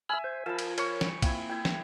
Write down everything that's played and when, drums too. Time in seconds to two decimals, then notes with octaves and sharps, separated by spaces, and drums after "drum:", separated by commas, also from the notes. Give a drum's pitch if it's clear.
0.09 E5 G#5 B5 E6 F6
0.24 C5
0.46 F3 A#4 A5 B5
0.59 drum: cymbal
0.78 A#4 C#5 B5 C#6, drum: cymbal
1.01 drum: snare
1.22 A#3 C4 E4, drum: kick, cymbal
1.49 E4 G5
1.65 drum: snare